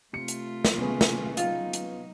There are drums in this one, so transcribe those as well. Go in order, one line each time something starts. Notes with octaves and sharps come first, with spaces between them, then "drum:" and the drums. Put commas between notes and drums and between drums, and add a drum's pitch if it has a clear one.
C3 A3 F4 C#7
drum: hi-hat
drum: snare
C3 B3 C#4 G#4 B4
drum: snare
F#3 D#4 F4, drum: hi-hat
drum: hi-hat